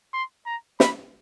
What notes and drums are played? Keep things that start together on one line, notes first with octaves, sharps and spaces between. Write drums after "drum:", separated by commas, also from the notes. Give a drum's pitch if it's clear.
C6
A#5
B5, drum: snare